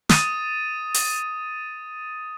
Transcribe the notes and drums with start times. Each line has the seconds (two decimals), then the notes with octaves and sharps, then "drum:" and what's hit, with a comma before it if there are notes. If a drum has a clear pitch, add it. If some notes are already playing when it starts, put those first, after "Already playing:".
0.09 D#6 A6 D#7, drum: snare
0.94 drum: open hi-hat